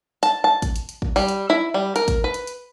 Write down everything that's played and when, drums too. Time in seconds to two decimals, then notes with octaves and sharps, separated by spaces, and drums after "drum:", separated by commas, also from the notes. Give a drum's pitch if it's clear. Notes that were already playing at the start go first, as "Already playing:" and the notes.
0.23 A5, drum: hi-hat
0.44 A5
0.62 drum: kick, hi-hat
0.76 drum: hi-hat
0.89 drum: hi-hat
1.02 drum: kick
1.16 G3, drum: open hi-hat
1.28 drum: hi-hat
1.50 E4
1.74 G3
1.96 A#4, drum: hi-hat
2.08 drum: kick, hi-hat
2.24 B4
2.34 drum: hi-hat
2.47 drum: hi-hat